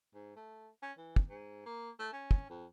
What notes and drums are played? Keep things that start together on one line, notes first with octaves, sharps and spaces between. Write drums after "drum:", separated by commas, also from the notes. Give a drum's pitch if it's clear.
G#2
A3
C#4
E3
drum: kick
G#2
A#3
A3
C#4
drum: kick
F2